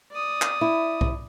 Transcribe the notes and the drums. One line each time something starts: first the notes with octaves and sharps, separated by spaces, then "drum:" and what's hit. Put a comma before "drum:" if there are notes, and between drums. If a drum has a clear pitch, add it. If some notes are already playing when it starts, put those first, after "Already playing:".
D5 D#6
drum: clap
E4
drum: kick B1